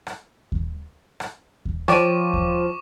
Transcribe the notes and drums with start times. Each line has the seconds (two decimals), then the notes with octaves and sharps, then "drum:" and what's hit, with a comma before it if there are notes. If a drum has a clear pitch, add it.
0.07 drum: rim click
0.52 drum: kick D#2
1.20 drum: rim click
1.65 drum: kick D#2
1.88 F3 C#5 D5 G5 C#6 D6 D#7, drum: rim click
2.34 drum: kick D#2